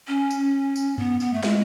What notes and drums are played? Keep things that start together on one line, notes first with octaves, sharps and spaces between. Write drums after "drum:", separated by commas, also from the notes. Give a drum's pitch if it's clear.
C#4
drum: tambourine
drum: tambourine
B3, drum: tom G2
B3, drum: tambourine
A3
G#3, drum: snare